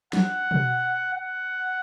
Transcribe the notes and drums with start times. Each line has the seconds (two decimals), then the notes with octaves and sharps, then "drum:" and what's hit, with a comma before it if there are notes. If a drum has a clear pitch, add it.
0.13 F#5, drum: snare
0.51 drum: tom B2
1.14 F#5